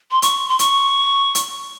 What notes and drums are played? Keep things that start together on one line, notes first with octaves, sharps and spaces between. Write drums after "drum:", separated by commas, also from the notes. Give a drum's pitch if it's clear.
C6
C#6, drum: hi-hat
C6
C#6, drum: hi-hat
drum: hi-hat